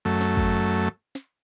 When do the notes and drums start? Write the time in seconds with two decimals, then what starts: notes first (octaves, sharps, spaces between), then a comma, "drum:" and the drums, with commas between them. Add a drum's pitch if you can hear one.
0.05 F#2 A3
0.21 drum: snare
0.37 drum: kick
1.15 drum: snare